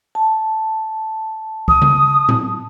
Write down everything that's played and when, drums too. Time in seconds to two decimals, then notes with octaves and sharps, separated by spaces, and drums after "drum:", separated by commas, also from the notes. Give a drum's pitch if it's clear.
0.15 A5
1.68 D#6, drum: kick
1.82 drum: tom C#3
2.29 drum: tom